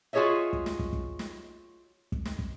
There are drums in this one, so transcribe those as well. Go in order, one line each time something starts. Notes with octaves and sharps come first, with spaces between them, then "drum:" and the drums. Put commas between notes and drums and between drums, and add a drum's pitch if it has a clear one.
F4 F#4 G#4 C#5 D#5 E5
drum: kick
drum: snare
drum: kick
drum: kick
drum: snare
drum: kick
drum: snare
drum: kick